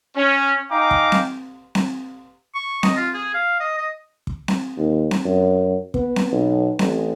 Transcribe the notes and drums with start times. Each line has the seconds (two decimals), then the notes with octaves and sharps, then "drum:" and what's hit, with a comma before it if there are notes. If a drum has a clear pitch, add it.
0.16 C#4
0.70 D#4 F5 G5 G#5 A#5 D6
0.91 drum: kick
1.12 drum: snare C4
1.75 drum: snare C4
2.55 C#6
2.83 D#5, drum: snare C4
2.97 F4
3.14 G#4
3.34 F5
3.60 D#5
3.78 D#5
4.27 drum: kick
4.48 drum: snare C4
4.77 D#2
5.11 drum: snare C4
5.25 F#2
5.94 B3, drum: kick
6.16 drum: snare C4
6.32 B1
6.79 A1, drum: snare C4